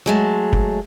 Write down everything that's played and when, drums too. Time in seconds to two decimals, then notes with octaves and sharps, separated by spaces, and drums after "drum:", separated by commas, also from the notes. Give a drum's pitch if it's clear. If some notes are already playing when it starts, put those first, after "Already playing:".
0.06 F#3 G#3 A3
0.53 drum: kick